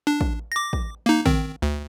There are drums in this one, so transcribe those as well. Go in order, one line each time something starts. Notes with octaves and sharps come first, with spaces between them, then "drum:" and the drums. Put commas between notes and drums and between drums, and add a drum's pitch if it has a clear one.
D4
drum: kick
D6 A#6
drum: kick
A#3 D#4
D#3 C4, drum: kick
D2